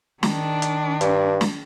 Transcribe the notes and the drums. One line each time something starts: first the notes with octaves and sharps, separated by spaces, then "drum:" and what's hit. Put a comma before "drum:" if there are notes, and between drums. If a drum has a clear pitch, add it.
D#3 D4, drum: snare
drum: hi-hat
G2, drum: hi-hat
drum: snare